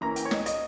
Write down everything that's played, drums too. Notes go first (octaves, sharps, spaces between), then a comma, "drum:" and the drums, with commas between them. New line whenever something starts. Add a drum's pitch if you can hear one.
E3 A#3 C#4 A#5
G5, drum: hi-hat
C#5
D#5, drum: snare
D#5, drum: hi-hat